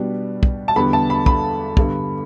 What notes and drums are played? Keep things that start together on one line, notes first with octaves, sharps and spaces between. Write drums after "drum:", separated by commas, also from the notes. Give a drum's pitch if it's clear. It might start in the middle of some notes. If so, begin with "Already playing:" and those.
Already playing: B2 G3 B3 D4
drum: kick
A5
E2 D3 G3 B3 B5
A5
B5
B5, drum: kick
G2 D3 B3, drum: kick